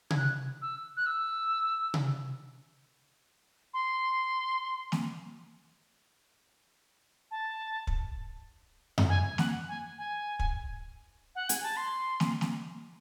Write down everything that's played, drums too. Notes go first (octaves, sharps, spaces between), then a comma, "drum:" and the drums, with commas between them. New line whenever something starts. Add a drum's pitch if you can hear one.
G#6, drum: tom C3
F#6
E6
F#6
E6
drum: tom C3
C6
drum: snare
A5
drum: kick
drum: tom F#2
G#5
F#5, drum: snare
G#5
G#5
drum: kick
F#5
G#5, drum: hi-hat
A5
C6
drum: snare
drum: snare